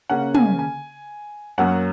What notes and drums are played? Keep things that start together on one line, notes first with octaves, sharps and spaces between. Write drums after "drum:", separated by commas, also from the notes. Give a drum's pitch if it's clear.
C#3 A#3 C#4 F#5
G#5, drum: tom
G#5
F#2 F#3 A#3 C#4 F#5